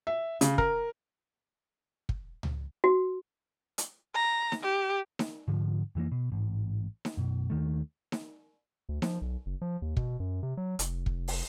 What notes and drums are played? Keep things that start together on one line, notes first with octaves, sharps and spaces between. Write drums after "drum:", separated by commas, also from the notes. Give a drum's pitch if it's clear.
E5
C#3, drum: hi-hat
A#4, drum: kick
drum: kick
drum: tom C#2
F#4
drum: hi-hat
A#5
drum: snare D#4
G4
drum: snare D#4
G#2 D3 F3
F2 E3 G#3 A#3
B2
A1 G#2
drum: snare D#4
F#2 B2
D#2 D#3 A3
drum: snare D#4
D2
F3, drum: snare D#4
B1
F#1
F3
D#2
B2, drum: kick
F#2
C3
F#3
F1, drum: hi-hat
F1, drum: kick
drum: open hi-hat